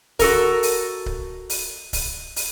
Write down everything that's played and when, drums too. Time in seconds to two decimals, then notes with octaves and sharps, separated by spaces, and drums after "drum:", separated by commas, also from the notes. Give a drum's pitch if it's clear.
0.19 F#4 A4 A#4, drum: kick C#1, open hi-hat
0.63 drum: open hi-hat
1.06 drum: kick C#1
1.50 drum: open hi-hat
1.93 drum: kick C#1, open hi-hat
2.36 drum: open hi-hat